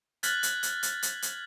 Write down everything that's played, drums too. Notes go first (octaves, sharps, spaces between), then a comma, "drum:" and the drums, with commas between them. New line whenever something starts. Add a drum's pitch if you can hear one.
F6 F#6 G#6 A6 B6 F#7, drum: hi-hat
drum: hi-hat
drum: hi-hat
drum: hi-hat
drum: hi-hat
drum: hi-hat